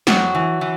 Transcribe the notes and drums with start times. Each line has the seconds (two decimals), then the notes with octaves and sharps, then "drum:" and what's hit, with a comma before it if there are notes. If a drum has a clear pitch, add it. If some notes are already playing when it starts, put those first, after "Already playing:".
0.07 F2 F#3 F#4, drum: snare
0.35 E3
0.61 E3